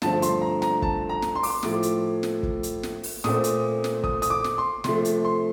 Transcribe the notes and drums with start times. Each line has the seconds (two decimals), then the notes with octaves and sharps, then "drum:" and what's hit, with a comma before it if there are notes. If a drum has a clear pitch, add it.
0.02 G2 D3 F3 A3 C4 A5, drum: snare
0.22 C6, drum: hi-hat
0.42 A#5
0.62 A#5, drum: snare
0.82 A5, drum: kick G1
1.09 A#5
1.22 drum: snare
1.35 C6
1.43 D6, drum: open hi-hat
1.50 C6
1.63 A2 F3 A3 D6, drum: snare
1.83 drum: hi-hat
2.23 drum: snare
2.43 drum: kick G1
2.63 drum: hi-hat
2.83 drum: snare
3.03 drum: open hi-hat
3.24 A#2 A3 C4 D#6, drum: snare
3.44 drum: hi-hat
3.84 drum: snare
4.04 D#6, drum: kick G1
4.22 D#6, drum: hi-hat
4.30 D6
4.44 drum: snare
4.58 C6
4.84 C3 F3 A3 C6, drum: snare
5.05 drum: hi-hat
5.24 C6